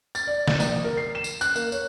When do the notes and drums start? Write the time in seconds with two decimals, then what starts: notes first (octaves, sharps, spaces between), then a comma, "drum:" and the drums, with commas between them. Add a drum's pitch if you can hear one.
0.15 A6, drum: tambourine
0.27 D5
0.47 D5, drum: snare
0.60 A#1, drum: tambourine
0.84 A#4
0.97 C7
1.15 E7
1.24 drum: tambourine
1.41 F#6, drum: tambourine
1.56 A#3, drum: tambourine
1.72 C#5, drum: tambourine